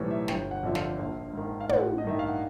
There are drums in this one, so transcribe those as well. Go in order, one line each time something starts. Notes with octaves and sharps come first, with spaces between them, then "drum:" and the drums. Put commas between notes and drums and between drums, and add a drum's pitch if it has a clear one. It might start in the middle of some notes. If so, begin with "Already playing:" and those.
Already playing: B1 A2 E3 G3 C5 C#5
E5
G1 G5, drum: snare
F#5
F2 D3 F3 E5
F5, drum: snare
A#1
G#2 D#3
F5
A1 F#5, drum: tom
D#5
G2 D#3 E5
F5
F#5